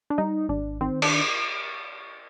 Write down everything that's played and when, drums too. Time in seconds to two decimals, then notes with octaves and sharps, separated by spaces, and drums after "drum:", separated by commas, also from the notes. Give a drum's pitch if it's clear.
0.10 D4
0.18 G3 D#4
0.49 G#1 D4
0.81 D#3 C4
1.02 D4, drum: cymbal